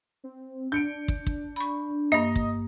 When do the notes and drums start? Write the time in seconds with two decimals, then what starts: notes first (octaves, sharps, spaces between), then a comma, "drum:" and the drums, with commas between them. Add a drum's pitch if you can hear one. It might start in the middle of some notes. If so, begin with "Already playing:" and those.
0.24 C4
0.72 D4 G6 C#7 D7
1.08 drum: kick
1.27 drum: kick
1.56 B5 C#6
2.12 G2 A#3 D#5
2.36 drum: kick